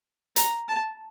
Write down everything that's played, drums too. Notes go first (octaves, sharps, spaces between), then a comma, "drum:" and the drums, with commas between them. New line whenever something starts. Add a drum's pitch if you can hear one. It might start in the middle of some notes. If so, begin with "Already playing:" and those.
A#5, drum: hi-hat
A5